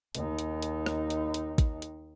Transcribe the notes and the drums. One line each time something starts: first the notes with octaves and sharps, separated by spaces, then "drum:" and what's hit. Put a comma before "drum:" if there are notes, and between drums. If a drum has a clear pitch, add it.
D#2 D#4, drum: hi-hat
drum: hi-hat
drum: hi-hat
drum: rim click
drum: hi-hat
drum: hi-hat
drum: kick A1, hi-hat
drum: hi-hat